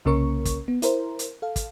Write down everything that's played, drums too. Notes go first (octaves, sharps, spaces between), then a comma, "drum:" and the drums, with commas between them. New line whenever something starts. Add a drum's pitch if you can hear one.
C2 C#3 A#3 C#4 A#4 C#6
drum: kick, hi-hat
B3
E4 A#4 C5, drum: hi-hat
drum: hi-hat
A4 F5
drum: kick, hi-hat